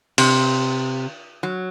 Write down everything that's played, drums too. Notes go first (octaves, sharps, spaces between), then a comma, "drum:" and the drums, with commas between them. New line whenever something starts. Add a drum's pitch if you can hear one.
C3, drum: cymbal
F#3